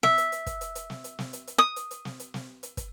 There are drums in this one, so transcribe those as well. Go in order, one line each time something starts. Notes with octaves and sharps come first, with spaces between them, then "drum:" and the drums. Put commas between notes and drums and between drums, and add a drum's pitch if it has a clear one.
E5, drum: snare
drum: hi-hat
drum: hi-hat
drum: kick, hi-hat
drum: hi-hat
drum: hi-hat
drum: snare
drum: hi-hat
drum: snare
drum: hi-hat
drum: hi-hat
D#6
drum: hi-hat
drum: hi-hat
drum: snare
drum: hi-hat
drum: snare
drum: hi-hat
drum: kick, hi-hat